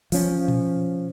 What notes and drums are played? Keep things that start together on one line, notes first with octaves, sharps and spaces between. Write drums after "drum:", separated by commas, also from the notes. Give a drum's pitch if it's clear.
F3 C#4, drum: open hi-hat
drum: tom A#2